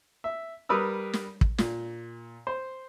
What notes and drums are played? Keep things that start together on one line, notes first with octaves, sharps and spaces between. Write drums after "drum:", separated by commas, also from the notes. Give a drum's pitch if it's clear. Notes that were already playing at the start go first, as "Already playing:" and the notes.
E5
G3 A#4 B4 D#6 E6
drum: snare
drum: kick
A#2, drum: snare
C5